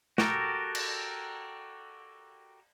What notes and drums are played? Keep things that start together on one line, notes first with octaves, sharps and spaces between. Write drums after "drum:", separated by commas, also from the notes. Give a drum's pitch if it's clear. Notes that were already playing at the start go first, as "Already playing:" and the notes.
F#4 G4 A4 A#4, drum: snare
drum: cymbal